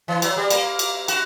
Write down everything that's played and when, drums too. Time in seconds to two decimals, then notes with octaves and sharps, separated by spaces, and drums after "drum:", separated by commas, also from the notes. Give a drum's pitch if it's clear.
0.08 E3
0.22 F#3, drum: cymbal
0.37 G3
0.50 A#3, drum: cymbal
0.79 drum: cymbal
1.08 F#4, drum: cymbal